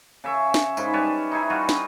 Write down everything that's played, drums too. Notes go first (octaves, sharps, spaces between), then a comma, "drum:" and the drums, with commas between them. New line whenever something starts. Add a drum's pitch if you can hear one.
C#3 E5 C#6
drum: snare
G#2 C#3 B5 C6, drum: tambourine
G3 B4 C#5 A5
D#4 E4 G#4
G3 F4 F#4
drum: snare